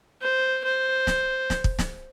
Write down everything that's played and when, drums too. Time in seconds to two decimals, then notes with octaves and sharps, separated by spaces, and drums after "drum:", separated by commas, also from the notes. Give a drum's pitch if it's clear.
0.22 C5
0.64 C5
1.07 drum: snare
1.50 drum: snare
1.64 drum: kick
1.79 drum: snare